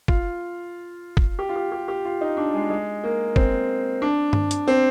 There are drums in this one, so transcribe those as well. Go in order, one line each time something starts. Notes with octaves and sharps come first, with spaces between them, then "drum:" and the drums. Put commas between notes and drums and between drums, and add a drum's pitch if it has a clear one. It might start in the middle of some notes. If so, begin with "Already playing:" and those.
F4, drum: kick
drum: kick
G4
F4
G4
G4
G4
F4
D#4
D4
G#3
G#3
A#3
C4, drum: kick
D4
drum: tom G2
drum: hi-hat
C4